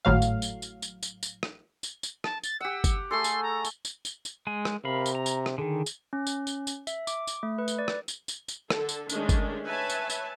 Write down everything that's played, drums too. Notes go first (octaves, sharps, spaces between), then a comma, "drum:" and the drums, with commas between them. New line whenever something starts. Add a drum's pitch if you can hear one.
G#1 A2 F#3 F5
drum: tambourine
drum: tambourine
drum: tambourine
drum: tambourine
drum: tambourine
drum: tambourine
drum: rim click
drum: tambourine
drum: tambourine
A5, drum: rim click
A6, drum: tambourine
G4 F#5 E6
drum: kick G1, tambourine
A3 G#4 A4 C6
drum: tambourine
A#5
drum: tambourine
drum: tambourine
drum: tambourine
drum: tambourine
G#3 G#5
drum: rim click
C3 A#4 F5 B5
drum: tambourine
A#5
drum: tambourine
drum: rim click
D3 D#3 G#4
drum: tambourine
C#4
drum: tambourine
drum: tambourine
drum: tambourine
E5, drum: tambourine
D6, drum: tambourine
drum: tambourine
A3
B4
drum: tambourine
D5
drum: rim click
drum: tambourine
drum: tambourine
drum: tambourine
D3 A4, drum: rim click
drum: tambourine
D#3 G#3 A3 C#4 D4, drum: tambourine
drum: kick G1, tambourine
B4 C#5 E5 G#5 A5
drum: tambourine
drum: tambourine